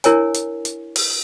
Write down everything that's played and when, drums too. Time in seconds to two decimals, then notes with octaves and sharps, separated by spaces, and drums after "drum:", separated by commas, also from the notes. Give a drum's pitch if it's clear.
0.04 D4 E4 A#4 C#5 G#5, drum: hi-hat
0.35 drum: hi-hat
0.65 drum: hi-hat
0.96 drum: open hi-hat